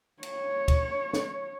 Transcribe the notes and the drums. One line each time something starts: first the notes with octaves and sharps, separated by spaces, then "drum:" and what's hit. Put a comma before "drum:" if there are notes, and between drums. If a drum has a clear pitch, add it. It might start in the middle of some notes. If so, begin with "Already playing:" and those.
C#5, drum: cymbal
drum: kick, cymbal
drum: snare